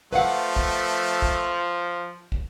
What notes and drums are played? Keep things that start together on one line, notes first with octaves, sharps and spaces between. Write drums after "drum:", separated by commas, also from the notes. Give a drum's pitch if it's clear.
F3 A3 B4 F5 F#5
drum: kick
drum: kick
drum: kick